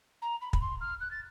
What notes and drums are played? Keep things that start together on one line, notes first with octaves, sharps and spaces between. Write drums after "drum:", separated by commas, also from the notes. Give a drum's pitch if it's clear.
A#5
B5
B5, drum: kick
C6
F6
F#6
A6